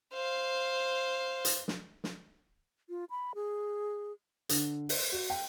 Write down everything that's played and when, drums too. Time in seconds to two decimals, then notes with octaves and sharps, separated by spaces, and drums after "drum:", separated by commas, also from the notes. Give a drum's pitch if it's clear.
0.14 C5 F5
1.45 drum: hi-hat
1.68 drum: snare
2.04 drum: snare
2.89 F4
3.10 B5
3.35 G#4
4.49 D3, drum: hi-hat
4.89 C5, drum: open hi-hat
5.12 F#4
5.30 G5